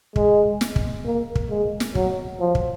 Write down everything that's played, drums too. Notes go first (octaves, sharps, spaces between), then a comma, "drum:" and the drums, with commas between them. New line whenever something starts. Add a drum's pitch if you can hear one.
G#3, drum: kick
drum: snare
drum: kick
A#3
drum: kick
G#3
drum: snare
F#3, drum: kick
F3
drum: kick